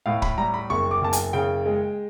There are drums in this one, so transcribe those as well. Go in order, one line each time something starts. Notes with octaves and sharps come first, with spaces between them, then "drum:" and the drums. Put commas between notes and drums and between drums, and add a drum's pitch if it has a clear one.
A2 F5
B5, drum: kick
G3 A#5
B5
F#1 C#6
D6
F#1 A5
G#5, drum: hi-hat
C#3 G5
G#3